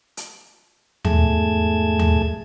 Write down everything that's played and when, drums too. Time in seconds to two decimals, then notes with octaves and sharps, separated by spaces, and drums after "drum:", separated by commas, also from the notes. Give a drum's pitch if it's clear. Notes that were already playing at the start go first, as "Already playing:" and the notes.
0.17 drum: hi-hat
1.05 E2 G#2 A3 G#4 A5 G#6, drum: tom D#2
1.99 drum: tom D#2